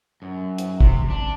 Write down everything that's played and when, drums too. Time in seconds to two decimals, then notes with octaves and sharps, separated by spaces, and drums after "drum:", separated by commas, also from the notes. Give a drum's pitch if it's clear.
0.22 F#2
0.58 drum: hi-hat
0.81 C3, drum: kick
1.10 D4